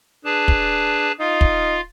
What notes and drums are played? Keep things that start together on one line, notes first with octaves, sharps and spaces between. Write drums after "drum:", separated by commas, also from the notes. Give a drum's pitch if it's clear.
D4 G#4 B4 A5
drum: kick
D#4 F4 F5
drum: kick